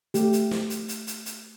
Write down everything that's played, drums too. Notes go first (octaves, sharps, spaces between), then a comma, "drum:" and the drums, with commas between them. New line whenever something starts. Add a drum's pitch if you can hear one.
A3 G4, drum: hi-hat
drum: hi-hat
drum: snare
drum: hi-hat
drum: hi-hat
drum: hi-hat
drum: hi-hat